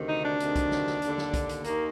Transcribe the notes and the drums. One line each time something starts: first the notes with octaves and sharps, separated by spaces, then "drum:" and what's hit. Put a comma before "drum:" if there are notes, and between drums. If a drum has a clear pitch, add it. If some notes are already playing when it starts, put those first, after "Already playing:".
Already playing: D2 C3 D#3
D#4
D4
D2 C3 D#3, drum: hi-hat
drum: kick, hi-hat
drum: snare
drum: snare
D#2 D3, drum: hi-hat
drum: snare
drum: kick, hi-hat
drum: hi-hat
D#2 D#3 A#3, drum: hi-hat